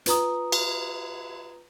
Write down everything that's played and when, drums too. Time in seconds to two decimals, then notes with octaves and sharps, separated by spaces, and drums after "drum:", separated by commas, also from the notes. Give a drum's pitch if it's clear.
0.06 F4 B4 A#5 D#6, drum: hi-hat
0.52 drum: cymbal